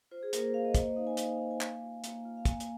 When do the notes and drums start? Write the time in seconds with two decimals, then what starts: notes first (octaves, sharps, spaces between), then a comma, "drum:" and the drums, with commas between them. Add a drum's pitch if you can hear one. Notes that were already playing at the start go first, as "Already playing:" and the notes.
0.11 F4 C5
0.23 G#4
0.33 A#3 A#4, drum: hi-hat
0.43 C5
0.54 F4 F5
0.65 D#5
0.75 A#3 C5, drum: kick, hi-hat
0.86 D#5
0.96 D#4 F5
1.07 G#5
1.17 A#3 F5, drum: hi-hat
1.39 D#4
1.51 G#5
1.61 A#3 F5, drum: clap
1.82 F4
2.04 A#3, drum: hi-hat
2.25 F4
2.37 F5
2.45 A#3 G#5, drum: kick, hi-hat
2.60 drum: hi-hat